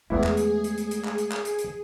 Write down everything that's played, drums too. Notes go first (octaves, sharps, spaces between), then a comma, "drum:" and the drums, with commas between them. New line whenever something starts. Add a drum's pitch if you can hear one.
E2 E3 G#3 A3 E4 G#4
drum: clap
drum: hi-hat
drum: hi-hat
drum: hi-hat
drum: hi-hat
drum: clap
drum: hi-hat
drum: clap
drum: hi-hat
drum: hi-hat